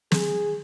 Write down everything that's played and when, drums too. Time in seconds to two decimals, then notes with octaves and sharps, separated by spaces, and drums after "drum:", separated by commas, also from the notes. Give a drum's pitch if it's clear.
0.12 G#4, drum: snare